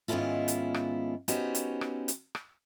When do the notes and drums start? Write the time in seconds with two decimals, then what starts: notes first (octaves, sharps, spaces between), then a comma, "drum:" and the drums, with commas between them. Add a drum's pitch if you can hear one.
0.08 G#2 D#3 B3 C#4 E4 F4
0.48 drum: hi-hat
0.74 drum: rim click
1.28 B3 C#4 D#4 F#4 G4 C5, drum: hi-hat
1.55 drum: hi-hat
1.81 drum: rim click
2.08 drum: hi-hat
2.35 drum: rim click